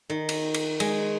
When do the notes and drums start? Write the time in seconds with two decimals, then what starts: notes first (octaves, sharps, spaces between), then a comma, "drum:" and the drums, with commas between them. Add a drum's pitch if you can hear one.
0.10 D#3
0.29 drum: cymbal
0.54 drum: cymbal
0.80 G#3, drum: cymbal